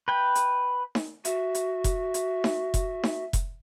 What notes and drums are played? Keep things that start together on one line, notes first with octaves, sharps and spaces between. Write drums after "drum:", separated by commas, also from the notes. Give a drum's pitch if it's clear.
B4 G5
drum: hi-hat
drum: snare D#4
F#4 E5, drum: hi-hat
drum: hi-hat
drum: kick F1, hi-hat
drum: hi-hat
drum: snare D#4
drum: kick F1, hi-hat
drum: snare D#4
drum: kick F1, hi-hat